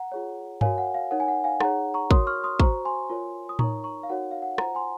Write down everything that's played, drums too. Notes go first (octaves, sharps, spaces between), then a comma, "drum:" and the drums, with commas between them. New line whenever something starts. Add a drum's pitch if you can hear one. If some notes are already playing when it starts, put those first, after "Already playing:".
Already playing: F#5 A#5
F4 G#4 C#5
F#4 A#4 C#5 F5 G#5, drum: tom G2
F#5
F5
D#4 A#4 C#5 F#5
G#5
F#5
F5 G#5
D#4 G#4 C#5 F#5 A#5, drum: rim click
A#5 C#6
F#4 A#4 C#5 C6 D#6, drum: kick
C#6 F6
C6 D#6
F#4 C5 A#5 C#6, drum: kick
G#5 C6
F4 A#4 C#5
D#6
D#4 A#4 C#5 A#5 C#6, drum: tom A2
A#5 C#6
F5
D#4 F#4 A#4 C#5 F#5
F5
F#5
F4 C5 F#5 A#5, drum: rim click
G#5 C6